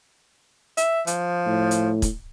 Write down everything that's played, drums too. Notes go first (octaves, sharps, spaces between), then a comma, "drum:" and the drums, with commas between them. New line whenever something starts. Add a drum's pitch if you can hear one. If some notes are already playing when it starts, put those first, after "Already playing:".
E5, drum: hi-hat
F3, drum: hi-hat
A2
drum: hi-hat
drum: kick, hi-hat